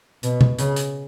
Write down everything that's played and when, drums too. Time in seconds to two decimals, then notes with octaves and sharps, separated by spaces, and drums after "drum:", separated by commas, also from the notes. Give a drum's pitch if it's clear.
0.23 B2, drum: hi-hat
0.41 drum: tom B2
0.59 C#3, drum: hi-hat
0.76 drum: hi-hat